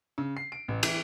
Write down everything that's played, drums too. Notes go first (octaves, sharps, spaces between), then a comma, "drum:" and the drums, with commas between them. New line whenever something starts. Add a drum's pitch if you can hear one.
C#3
C7
D7
A1
E3, drum: cymbal